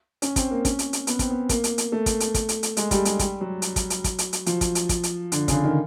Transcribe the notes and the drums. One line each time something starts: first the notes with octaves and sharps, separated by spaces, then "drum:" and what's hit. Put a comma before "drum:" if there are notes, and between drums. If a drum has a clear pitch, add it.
C#4, drum: hi-hat
C4, drum: kick, hi-hat
A#3
C#4, drum: kick, hi-hat
drum: hi-hat
drum: hi-hat
B3, drum: hi-hat
C4, drum: kick, hi-hat
B3
A#3, drum: kick, hi-hat
drum: hi-hat
drum: hi-hat
A3
drum: kick, hi-hat
drum: hi-hat
drum: kick, hi-hat
drum: hi-hat
drum: hi-hat
G#3, drum: hi-hat
G3, drum: kick, hi-hat
G#3, drum: hi-hat
G3, drum: kick, hi-hat
F#3
drum: hi-hat
drum: kick, hi-hat
drum: hi-hat
drum: kick, hi-hat
drum: hi-hat
drum: hi-hat
F3, drum: hi-hat
drum: kick, hi-hat
drum: hi-hat
drum: kick, hi-hat
drum: hi-hat
D3, drum: hi-hat
C#3, drum: kick, hi-hat
D3
D#3